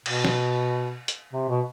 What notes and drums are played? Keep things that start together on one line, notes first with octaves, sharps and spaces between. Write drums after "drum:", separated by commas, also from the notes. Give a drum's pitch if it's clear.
B2, drum: cymbal
drum: snare
drum: hi-hat
C3
B2